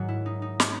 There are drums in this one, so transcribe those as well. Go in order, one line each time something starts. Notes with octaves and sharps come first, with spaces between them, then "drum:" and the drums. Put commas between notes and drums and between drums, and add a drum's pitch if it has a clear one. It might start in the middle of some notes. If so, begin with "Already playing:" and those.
Already playing: G#2 D#3 F#3 F#4
E4
D#4
D#4
D#4, drum: snare